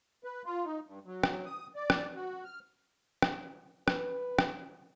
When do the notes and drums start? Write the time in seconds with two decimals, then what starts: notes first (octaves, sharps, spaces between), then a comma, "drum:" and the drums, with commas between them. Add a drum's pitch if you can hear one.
0.24 B4
0.46 F4
0.65 D#4
0.87 G2
1.06 F#3
1.23 drum: rim click
1.46 D#6
1.76 D5
1.90 drum: rim click
2.16 F#4
2.45 F6
3.22 drum: rim click
3.88 B4, drum: rim click
4.39 drum: rim click